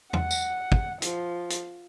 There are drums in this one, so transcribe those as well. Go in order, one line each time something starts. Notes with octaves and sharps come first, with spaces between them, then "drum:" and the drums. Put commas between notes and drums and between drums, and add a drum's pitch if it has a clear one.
F#5, drum: tom E2
drum: tambourine
drum: kick
F3, drum: hi-hat
drum: hi-hat